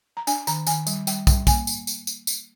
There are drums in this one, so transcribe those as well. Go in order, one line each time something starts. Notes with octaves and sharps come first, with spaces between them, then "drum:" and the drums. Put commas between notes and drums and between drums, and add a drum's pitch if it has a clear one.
A#5
D4 G#5, drum: tambourine
D#3 A#5, drum: tambourine
D#3 G#5, drum: tambourine
G3, drum: tambourine
G3 G5, drum: tambourine
G3 G5, drum: kick, tambourine
A#3 G#5, drum: kick, tambourine
drum: tambourine
drum: tambourine
drum: tambourine
drum: tambourine